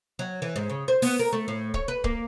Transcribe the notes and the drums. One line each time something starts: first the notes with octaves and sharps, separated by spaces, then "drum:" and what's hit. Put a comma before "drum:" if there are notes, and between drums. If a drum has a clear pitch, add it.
F#3
E3
G#2
C#3
C5
B3, drum: open hi-hat
A#4
A3
A2
C#5, drum: kick C#1
B4
A#3, drum: kick C#1